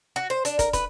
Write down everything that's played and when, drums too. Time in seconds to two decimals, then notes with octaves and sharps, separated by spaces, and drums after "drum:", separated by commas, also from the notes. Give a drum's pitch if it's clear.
0.16 F#4
0.30 C5
0.45 D4, drum: hi-hat
0.59 A#4, drum: kick, hi-hat
0.73 B4, drum: kick, hi-hat